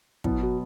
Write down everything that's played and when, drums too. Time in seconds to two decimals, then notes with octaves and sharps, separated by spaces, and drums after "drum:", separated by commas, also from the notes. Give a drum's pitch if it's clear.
0.24 B2 F#3 B3 E4, drum: kick
0.43 F#4